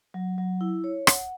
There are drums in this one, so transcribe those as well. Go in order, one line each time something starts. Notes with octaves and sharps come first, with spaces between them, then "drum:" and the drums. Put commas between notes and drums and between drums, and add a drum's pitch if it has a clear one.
F#3
F#3
E4
C#5
F#5, drum: rim click